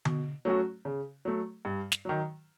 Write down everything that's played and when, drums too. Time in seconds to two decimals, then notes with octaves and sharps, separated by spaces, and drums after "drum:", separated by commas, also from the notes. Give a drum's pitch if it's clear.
0.05 B2, drum: tom D3
0.45 F#3 A3 C#4 F#4
0.85 C#3
1.25 F#3 A3
1.65 G2
1.92 drum: snare
2.05 D#3 F#3